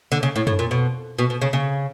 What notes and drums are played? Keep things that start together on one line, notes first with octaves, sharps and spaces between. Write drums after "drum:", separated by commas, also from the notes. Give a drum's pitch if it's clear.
D3
C#3
A2
A2, drum: tom
A#2
B2
B2
B2
C#3
C#3